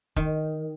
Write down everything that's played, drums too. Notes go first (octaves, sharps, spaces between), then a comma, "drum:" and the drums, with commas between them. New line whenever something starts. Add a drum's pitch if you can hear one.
D#3, drum: kick